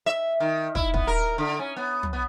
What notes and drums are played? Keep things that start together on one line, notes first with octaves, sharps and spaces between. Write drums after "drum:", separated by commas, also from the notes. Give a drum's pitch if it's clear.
E5
D#3
E4, drum: kick
B3, drum: kick
A#4
D3
C#4
B3
drum: tom
B3